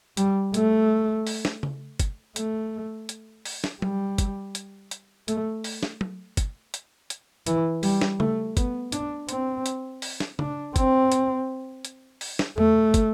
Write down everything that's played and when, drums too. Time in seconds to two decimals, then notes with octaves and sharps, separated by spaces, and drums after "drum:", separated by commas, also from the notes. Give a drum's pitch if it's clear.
0.17 G3, drum: hi-hat
0.54 A3, drum: hi-hat
1.27 drum: open hi-hat
1.45 drum: snare
1.63 drum: tom C#3
2.00 drum: kick, hi-hat
2.36 A3, drum: hi-hat
3.09 drum: hi-hat
3.45 drum: open hi-hat
3.64 drum: snare
3.82 G3, drum: tom
4.18 drum: kick, hi-hat
4.55 drum: hi-hat
4.91 drum: hi-hat
5.28 A3, drum: hi-hat
5.64 drum: open hi-hat
5.83 drum: snare
6.01 drum: tom
6.37 drum: kick, hi-hat
6.74 drum: hi-hat
7.10 drum: hi-hat
7.47 E3, drum: hi-hat
7.83 G3, drum: open hi-hat
8.01 drum: snare
8.20 A3, drum: tom C#3
8.57 B3, drum: kick, hi-hat
8.92 D4, drum: hi-hat
9.29 C4, drum: hi-hat
9.66 drum: hi-hat
10.02 drum: open hi-hat
10.20 drum: snare
10.39 D4, drum: tom C#3
10.76 C4, drum: kick, hi-hat
11.12 drum: hi-hat
11.85 drum: hi-hat
12.21 drum: open hi-hat
12.39 drum: snare
12.58 A3, drum: tom E2
12.94 drum: kick, hi-hat